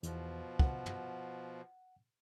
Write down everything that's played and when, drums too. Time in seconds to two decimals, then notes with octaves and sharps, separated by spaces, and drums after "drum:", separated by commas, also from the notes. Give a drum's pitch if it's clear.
0.03 E2 B2 F3, drum: hi-hat
0.59 F#5, drum: kick
0.86 drum: tom